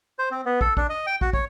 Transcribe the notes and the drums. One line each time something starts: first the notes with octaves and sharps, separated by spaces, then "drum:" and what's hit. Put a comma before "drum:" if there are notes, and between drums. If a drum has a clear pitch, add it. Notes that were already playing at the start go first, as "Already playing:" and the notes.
C5
C4
B3
A4, drum: kick
D4, drum: kick
D#5
G5
F#4, drum: kick
C#5, drum: kick